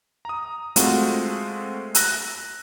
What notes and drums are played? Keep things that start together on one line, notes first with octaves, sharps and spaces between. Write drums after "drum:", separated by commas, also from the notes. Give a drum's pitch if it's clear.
A#5 D#6
G#3 A3 C4 F4 F#4, drum: hi-hat
E6 F#6 A#6, drum: hi-hat